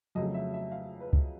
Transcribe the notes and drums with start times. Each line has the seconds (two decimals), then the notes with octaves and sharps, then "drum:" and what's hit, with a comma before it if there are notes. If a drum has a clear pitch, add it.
0.15 F2 C#3 F#3 A3 D#5
0.34 E5
0.53 E5
0.72 F5
1.00 B4
1.13 drum: kick